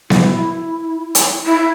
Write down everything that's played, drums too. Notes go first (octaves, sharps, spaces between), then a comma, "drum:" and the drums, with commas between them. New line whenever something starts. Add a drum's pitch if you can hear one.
E4, drum: snare B3
drum: hi-hat
E4